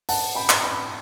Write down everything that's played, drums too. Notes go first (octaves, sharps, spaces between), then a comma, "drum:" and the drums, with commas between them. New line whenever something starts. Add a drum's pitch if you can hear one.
F#5 A5, drum: open hi-hat
G5 B5
drum: clap
G5 B5